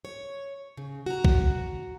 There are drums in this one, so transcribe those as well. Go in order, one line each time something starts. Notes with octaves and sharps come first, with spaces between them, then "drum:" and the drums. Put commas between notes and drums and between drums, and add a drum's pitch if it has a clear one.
C#5
C#3
F#4 A#5
drum: kick